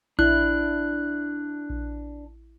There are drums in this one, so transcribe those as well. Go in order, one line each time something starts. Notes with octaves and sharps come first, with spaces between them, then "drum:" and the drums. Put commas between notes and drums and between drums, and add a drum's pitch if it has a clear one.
D4 E4 F#6, drum: kick A#1
drum: kick A#1